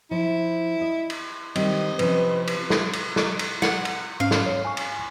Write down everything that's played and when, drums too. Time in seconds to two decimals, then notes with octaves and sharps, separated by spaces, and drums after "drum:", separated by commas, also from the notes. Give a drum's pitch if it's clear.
0.11 F3 E4
0.81 D#5
1.10 drum: cymbal
1.55 D#3 G3 C4 D#5, drum: cymbal
1.99 C3 F3 C#4 B4, drum: cymbal
2.47 drum: cymbal
2.70 drum: snare
2.93 drum: cymbal
3.16 drum: snare
3.39 drum: cymbal
3.62 F#5, drum: snare
3.85 drum: cymbal
4.20 G#2 C#4 F5
4.31 drum: snare
4.46 C#5
4.65 G#5 C#6
4.77 drum: cymbal